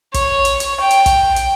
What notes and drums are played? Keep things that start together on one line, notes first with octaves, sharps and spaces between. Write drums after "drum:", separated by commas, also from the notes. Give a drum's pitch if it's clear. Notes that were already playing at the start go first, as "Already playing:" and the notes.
C#5, drum: kick, hi-hat
drum: hi-hat
drum: hi-hat
G5
drum: hi-hat
drum: kick, hi-hat
drum: hi-hat